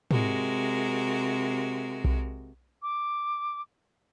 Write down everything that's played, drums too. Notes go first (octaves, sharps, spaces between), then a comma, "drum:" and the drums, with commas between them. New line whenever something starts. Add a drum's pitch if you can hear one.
C3 G#3 F#4 A#4, drum: tom
drum: kick B1
D6